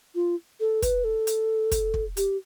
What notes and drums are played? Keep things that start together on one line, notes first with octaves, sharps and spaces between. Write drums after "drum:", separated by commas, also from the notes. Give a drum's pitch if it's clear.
F4
A4
B4, drum: kick, hi-hat
A4
drum: hi-hat
drum: kick, hi-hat
drum: kick
G4, drum: hi-hat